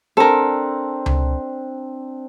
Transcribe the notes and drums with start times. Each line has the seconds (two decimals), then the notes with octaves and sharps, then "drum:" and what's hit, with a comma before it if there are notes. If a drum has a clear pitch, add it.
0.17 C4 D4 A4 A#4
1.06 drum: tom C#2